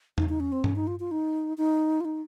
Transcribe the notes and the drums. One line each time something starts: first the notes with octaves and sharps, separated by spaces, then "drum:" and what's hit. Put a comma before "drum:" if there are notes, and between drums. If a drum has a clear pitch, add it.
D#4, drum: tom E2
D#4
C#4
C4
C#4, drum: tom G2
D#4
F4
F4
D#4
D#4
F4
D#4